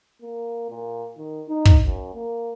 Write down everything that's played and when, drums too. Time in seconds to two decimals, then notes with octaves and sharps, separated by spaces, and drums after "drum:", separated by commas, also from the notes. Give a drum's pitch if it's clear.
0.22 A#3
0.70 A#2
1.17 D#3
1.48 D#4
1.65 drum: kick
1.85 F#2
2.14 A#3